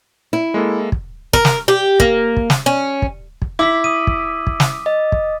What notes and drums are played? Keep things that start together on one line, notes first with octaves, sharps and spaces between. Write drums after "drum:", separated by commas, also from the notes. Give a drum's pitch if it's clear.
E4
G#3 A#3 A4
drum: kick
A#4, drum: kick
drum: snare
G4
A#3, drum: kick
drum: kick
drum: snare
C#4
drum: kick
drum: kick
E4 D6 E6 B6
D#6 D#7
drum: kick
drum: kick
drum: snare
D#5
drum: kick